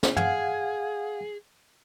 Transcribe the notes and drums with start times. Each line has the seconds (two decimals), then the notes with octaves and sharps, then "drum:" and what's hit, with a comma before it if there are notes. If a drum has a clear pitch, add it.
0.03 drum: snare
0.17 G#4 F5 F#5 G#6, drum: tom